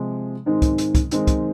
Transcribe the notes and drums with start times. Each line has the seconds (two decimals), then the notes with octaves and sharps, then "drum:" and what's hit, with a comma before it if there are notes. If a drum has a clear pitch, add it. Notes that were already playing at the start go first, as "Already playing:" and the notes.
Already playing: C3 F3 G#3
0.46 G#2 D#3 G#3 C4 D#4
0.62 drum: kick, hi-hat
0.78 drum: hi-hat
0.95 drum: kick, hi-hat
1.11 G#2 D#3 G#3 C4 D#4, drum: hi-hat
1.27 drum: kick, hi-hat